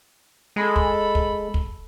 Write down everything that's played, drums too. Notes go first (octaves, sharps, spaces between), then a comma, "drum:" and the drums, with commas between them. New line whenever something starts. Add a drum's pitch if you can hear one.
G#3 A4 B5
drum: kick
drum: kick
drum: kick